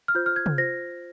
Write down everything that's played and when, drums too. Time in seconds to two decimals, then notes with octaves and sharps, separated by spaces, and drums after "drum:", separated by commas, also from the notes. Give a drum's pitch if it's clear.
0.08 F6
0.15 F4 C5 G6
0.26 F6
0.36 G#6
0.46 drum: tom
0.58 F4 C5 A#6